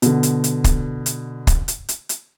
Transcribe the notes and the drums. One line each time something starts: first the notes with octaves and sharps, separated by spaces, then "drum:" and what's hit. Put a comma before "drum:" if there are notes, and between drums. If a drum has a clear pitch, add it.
B2 D3, drum: hi-hat
drum: hi-hat
drum: hi-hat
drum: kick, hi-hat
drum: hi-hat
drum: kick, hi-hat
drum: hi-hat
drum: hi-hat
drum: hi-hat